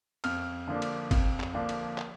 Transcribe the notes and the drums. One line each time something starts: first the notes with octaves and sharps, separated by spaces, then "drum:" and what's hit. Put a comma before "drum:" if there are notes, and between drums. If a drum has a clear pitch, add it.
F2 F6, drum: cymbal
D3 F3 A#3 D4
drum: cymbal
F2, drum: kick G#1, cymbal
drum: clap
D3 F3 A#3 D4
drum: cymbal
drum: clap